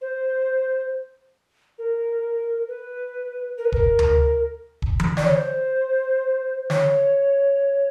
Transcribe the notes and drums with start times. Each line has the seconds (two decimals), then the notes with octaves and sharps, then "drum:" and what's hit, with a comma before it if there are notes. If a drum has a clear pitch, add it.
0.01 C5
1.78 A#4
2.68 B4
3.58 A#4
3.65 B4
3.72 A#4, drum: kick
3.99 drum: tom D2
4.82 drum: kick
5.00 drum: tom E3
5.17 D5, drum: snare
5.25 C#5
5.35 C5
6.70 C#5, drum: snare